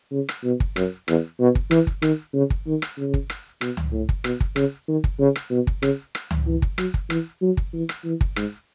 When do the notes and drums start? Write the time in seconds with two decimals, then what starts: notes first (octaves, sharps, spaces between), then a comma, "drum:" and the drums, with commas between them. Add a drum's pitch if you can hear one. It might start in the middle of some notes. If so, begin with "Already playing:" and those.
0.12 C#3
0.29 drum: rim click
0.44 B2
0.60 drum: kick G1
0.76 F#2, drum: rim click
1.08 E2, drum: rim click
1.40 B2
1.55 drum: kick G1
1.71 E3, drum: rim click
1.87 drum: kick G1
2.02 D#3, drum: rim click
2.34 C#3
2.50 drum: kick G1
2.67 D#3
2.82 drum: rim click
2.98 C#3
3.14 drum: kick G1
3.30 drum: rim click
3.61 B2, drum: rim click
3.77 drum: tom C#2
3.92 A2
4.09 drum: kick G1
4.24 B2, drum: rim click
4.40 drum: kick G1
4.56 C#3, drum: rim click
4.88 D#3
5.04 drum: kick G1
5.20 C#3
5.36 drum: rim click
5.51 B2
5.67 drum: kick G1
5.82 C#3, drum: rim click
6.15 drum: rim click
6.31 drum: tom C#2
6.46 E3
6.62 drum: kick G1
6.78 F#3, drum: rim click
6.94 drum: kick G1
7.10 E3, drum: rim click
7.42 F#3
7.57 drum: kick G1
7.74 E3
7.89 drum: rim click
8.05 E3
8.21 drum: kick G1
8.36 G#2, drum: rim click